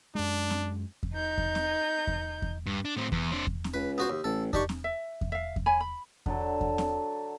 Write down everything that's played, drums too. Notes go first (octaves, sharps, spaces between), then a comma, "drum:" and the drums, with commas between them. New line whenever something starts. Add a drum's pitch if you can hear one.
F#2 G#3 D4
drum: snare C4
drum: kick E2
D#4 G6
drum: kick E2
drum: snare C4
drum: kick E2
drum: kick E2
G2
D4
A2 C4
E2, drum: kick E2
C4 D4
drum: kick E2
drum: snare C4
C#2 B4
B3 F#4 C5
D#2
A1 A4
D#3 D4 G4 C#6, drum: kick E2
drum: snare C4
E5
drum: kick E2
E5 F5
drum: kick E2
C#5 G#5 B5
B5
D3 F#3 A4, drum: kick E2
drum: kick E2
drum: snare C4